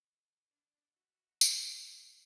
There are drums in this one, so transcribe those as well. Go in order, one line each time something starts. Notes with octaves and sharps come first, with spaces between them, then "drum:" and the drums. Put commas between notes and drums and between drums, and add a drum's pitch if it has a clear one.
D4
F#4 E5
F#1 E2, drum: tambourine
F#3 A3